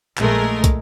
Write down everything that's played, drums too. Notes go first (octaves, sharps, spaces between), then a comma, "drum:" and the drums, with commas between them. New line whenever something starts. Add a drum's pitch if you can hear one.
A#1 G#3 A3 A#4, drum: clap
drum: kick, hi-hat